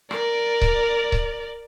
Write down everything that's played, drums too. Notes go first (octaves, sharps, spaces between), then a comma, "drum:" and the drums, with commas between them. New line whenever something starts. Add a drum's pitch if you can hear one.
A#4 D5, drum: rim click
drum: kick C#1
drum: kick C#1